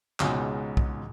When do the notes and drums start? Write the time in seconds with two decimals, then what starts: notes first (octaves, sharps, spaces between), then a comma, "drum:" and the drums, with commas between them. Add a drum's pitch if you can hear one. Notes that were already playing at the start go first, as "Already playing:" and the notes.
0.20 C#2 G#2 B2, drum: clap
0.77 drum: kick